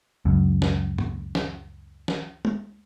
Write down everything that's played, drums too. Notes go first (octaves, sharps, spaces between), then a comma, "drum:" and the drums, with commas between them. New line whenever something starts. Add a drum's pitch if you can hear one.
C#2 F#2
drum: snare
drum: tom G2
drum: snare
drum: snare
drum: tom G#3